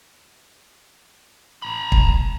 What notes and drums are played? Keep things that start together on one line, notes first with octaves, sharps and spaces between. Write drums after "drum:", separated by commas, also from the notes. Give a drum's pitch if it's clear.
A#5 B5
drum: kick